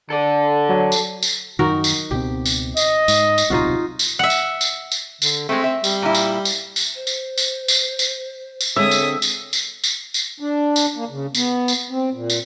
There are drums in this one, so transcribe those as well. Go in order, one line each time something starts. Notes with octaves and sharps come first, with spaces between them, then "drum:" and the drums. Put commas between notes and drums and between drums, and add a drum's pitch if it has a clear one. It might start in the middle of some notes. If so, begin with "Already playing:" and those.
D3 A4 D5
F#3
drum: tambourine
drum: tambourine
F#2 D#3 D#4 F#4 A#4
drum: tambourine
C#2 B2 C4 G4
drum: tambourine
D#5, drum: tambourine
G#2, drum: tambourine
drum: tambourine
D1 B1 C3 D#4 F4 F#4
drum: tambourine
E5 F#5
drum: tambourine
drum: tambourine
drum: tambourine
D3, drum: tambourine
G#3 A3 C4
E5
G3, drum: tambourine
A#2 E4
drum: tambourine
drum: tambourine
drum: tambourine
C5
drum: tambourine
drum: tambourine
drum: tambourine
drum: tambourine
drum: tambourine
D3 G#3 C4 A4 C#5 E5 D#6
drum: tambourine
drum: tambourine
drum: tambourine
drum: tambourine
drum: tambourine
D4
drum: tambourine
A#3
C#3
B3, drum: tambourine
drum: tambourine
C4
A#2
drum: tambourine